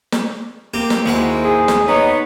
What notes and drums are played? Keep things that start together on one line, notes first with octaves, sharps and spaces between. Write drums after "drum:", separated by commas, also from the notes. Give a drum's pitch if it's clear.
drum: snare
A#3 C4 G4
drum: snare
D#2 G#3 A#3 E4 F#4 C5 F#5
G#4
drum: snare
B3 D#4 C#5